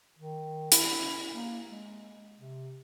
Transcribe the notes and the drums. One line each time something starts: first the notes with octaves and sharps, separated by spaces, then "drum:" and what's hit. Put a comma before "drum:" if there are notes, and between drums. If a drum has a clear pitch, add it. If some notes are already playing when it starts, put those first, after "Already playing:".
D#3
E4, drum: hi-hat
A#3
G#3
C3